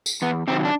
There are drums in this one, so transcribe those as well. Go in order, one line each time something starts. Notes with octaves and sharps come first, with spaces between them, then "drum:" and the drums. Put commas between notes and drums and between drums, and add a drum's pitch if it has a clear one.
drum: tambourine
E2 B3
C3 D#3 F#3 C4
D4